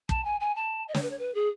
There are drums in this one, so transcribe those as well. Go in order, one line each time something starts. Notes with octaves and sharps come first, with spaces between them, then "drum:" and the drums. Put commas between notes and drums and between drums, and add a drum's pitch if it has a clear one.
A5, drum: kick
G#5
G#5
A5
D#5
C#5, drum: snare
B4
C#5
B4
G#4